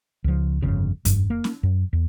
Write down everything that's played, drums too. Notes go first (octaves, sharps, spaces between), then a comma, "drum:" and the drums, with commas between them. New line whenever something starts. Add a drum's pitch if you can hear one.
C#2 F3
G1 F2 C#3
G2, drum: kick F2, hi-hat
A#3
drum: snare C#4
F#2
E2